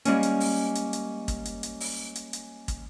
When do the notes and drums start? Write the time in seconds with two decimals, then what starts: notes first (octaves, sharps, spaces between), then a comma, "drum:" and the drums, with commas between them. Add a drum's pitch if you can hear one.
0.05 G3 G#3 A#3 C#4, drum: hi-hat
0.23 drum: hi-hat
0.40 drum: open hi-hat
0.75 drum: hi-hat
0.93 drum: hi-hat
1.28 drum: kick, hi-hat
1.45 drum: hi-hat
1.63 drum: hi-hat
1.80 drum: open hi-hat
2.15 drum: hi-hat
2.33 drum: hi-hat
2.68 drum: kick, hi-hat